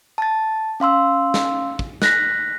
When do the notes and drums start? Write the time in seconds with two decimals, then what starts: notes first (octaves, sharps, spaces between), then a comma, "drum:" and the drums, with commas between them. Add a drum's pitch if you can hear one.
0.18 A5 A6
0.80 C#4 F5 C6 E6
1.34 drum: snare
1.79 drum: kick
2.02 F#6 A#6 B6, drum: snare